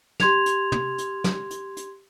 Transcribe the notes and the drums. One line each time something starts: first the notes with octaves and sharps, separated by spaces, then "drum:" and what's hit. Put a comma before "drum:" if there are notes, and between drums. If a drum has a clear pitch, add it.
G4 C6 G#6 F7, drum: snare
drum: hi-hat
drum: tom
drum: hi-hat
drum: snare
drum: hi-hat
drum: hi-hat